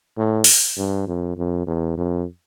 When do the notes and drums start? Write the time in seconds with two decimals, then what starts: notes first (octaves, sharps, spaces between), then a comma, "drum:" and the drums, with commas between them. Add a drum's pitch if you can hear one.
0.18 A2
0.44 drum: open hi-hat
0.78 G2
1.07 F2
1.37 F2
1.67 E2
1.97 F2